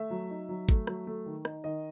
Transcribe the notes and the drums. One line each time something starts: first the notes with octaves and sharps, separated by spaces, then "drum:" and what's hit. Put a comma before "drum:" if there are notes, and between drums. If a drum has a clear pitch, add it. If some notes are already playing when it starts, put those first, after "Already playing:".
Already playing: A3 E5
F#3
D#4
F#3
A3, drum: kick
F#3, drum: rim click
A3
D#3
D#4, drum: rim click
D#3 D#5